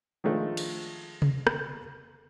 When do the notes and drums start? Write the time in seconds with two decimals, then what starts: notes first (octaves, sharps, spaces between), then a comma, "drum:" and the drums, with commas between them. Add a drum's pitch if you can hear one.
0.24 D#3 F3 G#3 A3 D4 F4
0.57 drum: cymbal
1.22 drum: tom C3
1.47 drum: rim click